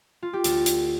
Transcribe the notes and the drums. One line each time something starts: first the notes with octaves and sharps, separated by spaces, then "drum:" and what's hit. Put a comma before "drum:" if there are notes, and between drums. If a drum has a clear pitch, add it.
F4
G4
D2 A4, drum: hi-hat
drum: hi-hat